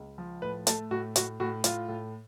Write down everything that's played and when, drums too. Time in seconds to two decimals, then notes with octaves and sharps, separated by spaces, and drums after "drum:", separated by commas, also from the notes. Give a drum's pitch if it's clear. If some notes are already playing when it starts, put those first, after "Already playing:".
Already playing: C#2
0.18 F3
0.42 A2 B4
0.67 A3 A4, drum: hi-hat
0.91 A2 F#4
1.16 A2 F#4, drum: hi-hat
1.40 A2 F#4
1.64 A2 F4, drum: hi-hat
1.88 A2